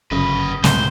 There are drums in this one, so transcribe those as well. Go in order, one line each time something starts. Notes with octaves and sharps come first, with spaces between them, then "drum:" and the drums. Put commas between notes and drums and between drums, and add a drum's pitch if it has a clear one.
G1 F#2 C#3 B4 D#5
C#2 A2 C3 C5, drum: snare